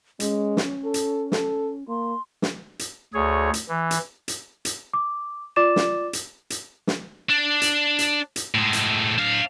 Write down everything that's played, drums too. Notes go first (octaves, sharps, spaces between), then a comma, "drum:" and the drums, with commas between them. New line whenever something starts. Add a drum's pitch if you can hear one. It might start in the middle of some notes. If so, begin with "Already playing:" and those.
G#3 C#4, drum: hi-hat
drum: snare
A4
drum: hi-hat
A4, drum: snare
A#3 C6
drum: snare
drum: hi-hat
D2 G#4 C#5
drum: hi-hat
E3
drum: hi-hat
drum: hi-hat
drum: hi-hat
D6
F4 D5 D6 A6 E7
drum: snare
drum: hi-hat
drum: hi-hat
drum: snare
D4
drum: hi-hat
drum: hi-hat
drum: hi-hat
A2 G#3
drum: hi-hat
D4 F5